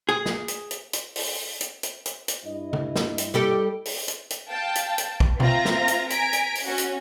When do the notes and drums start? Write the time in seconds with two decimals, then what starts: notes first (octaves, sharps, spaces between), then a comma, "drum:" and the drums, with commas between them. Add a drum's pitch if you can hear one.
0.09 G#4
0.26 drum: snare
0.48 drum: hi-hat
0.71 drum: hi-hat
0.93 drum: hi-hat
1.16 drum: open hi-hat
1.61 drum: hi-hat
1.83 drum: hi-hat
2.06 drum: hi-hat
2.28 drum: hi-hat
2.45 G2 E4 D#5
2.73 drum: tom C#3
2.96 drum: snare
3.18 drum: hi-hat
3.34 G3 G4 A4
3.85 drum: open hi-hat
4.08 drum: hi-hat
4.30 drum: hi-hat
4.49 F5 G5 A5
4.75 drum: hi-hat
4.98 drum: hi-hat
5.20 drum: kick
5.40 C4 F4 E5 A#5 A#6, drum: tom B2
5.65 drum: snare
5.88 drum: hi-hat
6.10 G#5 A#5 B6 D7, drum: hi-hat
6.33 drum: hi-hat
6.55 drum: open hi-hat
6.65 C#4 F#4
6.78 drum: hi-hat